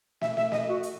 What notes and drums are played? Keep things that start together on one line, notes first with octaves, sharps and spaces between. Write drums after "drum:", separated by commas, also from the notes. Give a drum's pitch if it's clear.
E5, drum: snare
E5, drum: snare
D#5, drum: snare
F#4
drum: hi-hat